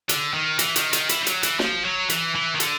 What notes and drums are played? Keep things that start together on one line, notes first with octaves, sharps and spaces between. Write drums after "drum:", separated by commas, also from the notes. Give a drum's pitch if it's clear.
D3, drum: hi-hat
D#3
E3, drum: hi-hat
D#3, drum: hi-hat
D#3, drum: hi-hat
E3, drum: hi-hat
G3
F#3, drum: hi-hat
E3, drum: hi-hat
F3, drum: snare
F#3
E3, drum: hi-hat
E3
D#3
D3, drum: hi-hat